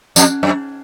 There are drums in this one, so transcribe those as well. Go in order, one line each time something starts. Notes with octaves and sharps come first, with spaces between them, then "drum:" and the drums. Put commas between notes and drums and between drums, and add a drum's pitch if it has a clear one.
F2, drum: tambourine
F#2